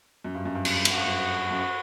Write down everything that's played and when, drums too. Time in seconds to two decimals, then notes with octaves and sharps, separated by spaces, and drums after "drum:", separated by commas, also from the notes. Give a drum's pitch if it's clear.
0.24 F#2
0.35 G2
0.45 F#2
0.55 G2
0.65 F#2, drum: cymbal
0.76 G2
0.85 F#2, drum: cymbal
0.91 G2 F#4
1.06 F#2
1.51 F#2